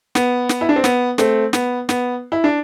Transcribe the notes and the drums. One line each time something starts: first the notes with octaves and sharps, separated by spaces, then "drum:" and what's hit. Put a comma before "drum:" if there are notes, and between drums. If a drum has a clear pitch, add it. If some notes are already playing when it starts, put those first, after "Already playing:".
B3, drum: snare
drum: snare
E4
D4
C4
B3, drum: snare
A3 C4, drum: snare
B3, drum: snare
B3, drum: snare
E4
D4